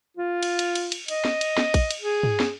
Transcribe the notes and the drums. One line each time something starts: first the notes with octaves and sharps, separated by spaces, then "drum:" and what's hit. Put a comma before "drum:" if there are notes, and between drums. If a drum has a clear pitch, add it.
F4
drum: cymbal
drum: cymbal
drum: cymbal
drum: cymbal
D#5, drum: cymbal
drum: snare
drum: cymbal
drum: snare
drum: kick, cymbal
drum: cymbal
G#4
drum: tom
drum: snare